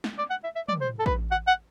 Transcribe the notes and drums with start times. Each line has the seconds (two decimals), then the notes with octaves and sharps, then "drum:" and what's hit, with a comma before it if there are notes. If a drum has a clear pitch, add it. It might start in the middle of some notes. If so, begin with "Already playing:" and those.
0.04 drum: snare
0.19 D5
0.30 F#5
0.44 E5
0.56 E5
0.68 D5, drum: tom
0.81 C5
1.00 A4
1.06 B4, drum: kick
1.32 F#5
1.48 F#5